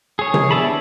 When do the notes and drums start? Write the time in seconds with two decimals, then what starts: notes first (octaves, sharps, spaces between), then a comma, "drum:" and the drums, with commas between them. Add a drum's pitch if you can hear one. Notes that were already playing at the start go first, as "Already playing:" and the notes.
0.19 G#4 C#5
0.34 drum: tom C3
0.51 B3 D4 E5 A5 B5